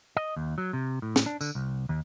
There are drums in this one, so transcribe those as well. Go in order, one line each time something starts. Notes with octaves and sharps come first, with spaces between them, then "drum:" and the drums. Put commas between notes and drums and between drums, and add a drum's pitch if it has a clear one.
D#5
D#2
F#3
C3
A2
drum: snare
D4
D3, drum: tambourine
C2
D#2